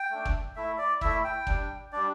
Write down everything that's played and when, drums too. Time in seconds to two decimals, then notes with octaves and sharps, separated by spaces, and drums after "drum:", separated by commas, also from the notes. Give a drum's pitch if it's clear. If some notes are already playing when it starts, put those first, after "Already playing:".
Already playing: G5
0.11 A3 D4
0.25 drum: kick
0.56 A3 E4 E5
0.78 D5
1.01 A3 E4 E5, drum: kick
1.24 G5
1.47 G3 D4, drum: kick
1.92 G3 D4 D5